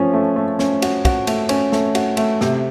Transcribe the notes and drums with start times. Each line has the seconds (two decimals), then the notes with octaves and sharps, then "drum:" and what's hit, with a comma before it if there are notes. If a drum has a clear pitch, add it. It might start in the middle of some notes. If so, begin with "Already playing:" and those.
Already playing: F3 A3 C#4
0.13 A3
0.36 A3
0.59 C#4, drum: snare
0.82 F#4, drum: cymbal
1.05 F#4, drum: kick, cymbal
1.27 A3, drum: cymbal
1.49 C#4, drum: cymbal
1.72 A3, drum: snare
1.95 F#4, drum: cymbal
2.17 A3, drum: cymbal
2.41 C3, drum: snare